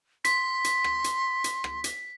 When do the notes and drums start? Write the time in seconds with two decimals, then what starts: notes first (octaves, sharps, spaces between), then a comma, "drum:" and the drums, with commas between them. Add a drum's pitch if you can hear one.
0.25 C6 B6, drum: hi-hat
0.64 drum: hi-hat
0.84 drum: rim click
1.04 drum: hi-hat
1.44 drum: hi-hat
1.64 drum: rim click
1.84 drum: hi-hat